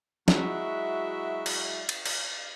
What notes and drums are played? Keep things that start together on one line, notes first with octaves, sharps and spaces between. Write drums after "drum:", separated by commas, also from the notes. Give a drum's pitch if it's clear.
F#3 G#3 E4 F#4 E5, drum: snare
drum: cymbal
drum: cymbal
drum: cymbal